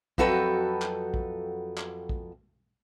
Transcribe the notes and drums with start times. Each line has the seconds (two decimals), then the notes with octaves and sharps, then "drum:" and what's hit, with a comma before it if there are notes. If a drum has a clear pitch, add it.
0.18 F2 F#3 F#4 A4 B4 G5, drum: kick A#1
0.82 drum: clap
1.14 drum: kick A#1
1.78 drum: clap
2.09 drum: kick A#1